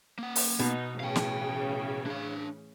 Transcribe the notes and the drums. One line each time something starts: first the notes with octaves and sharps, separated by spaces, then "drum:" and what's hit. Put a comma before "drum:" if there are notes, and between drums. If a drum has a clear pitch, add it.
A#3 F#5
drum: open hi-hat
B2 B3 D#4
A2 C#3 E3 F5 G5
drum: snare
D4 F5